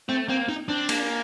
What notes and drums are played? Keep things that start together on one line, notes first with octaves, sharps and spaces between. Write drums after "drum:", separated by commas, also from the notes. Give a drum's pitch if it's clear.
A3 C4
A#3 C4
D#4
C4 D4
A#3, drum: cymbal